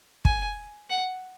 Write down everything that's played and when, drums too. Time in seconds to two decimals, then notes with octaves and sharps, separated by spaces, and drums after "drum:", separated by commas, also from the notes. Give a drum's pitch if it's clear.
0.25 G#5, drum: kick
0.90 F#5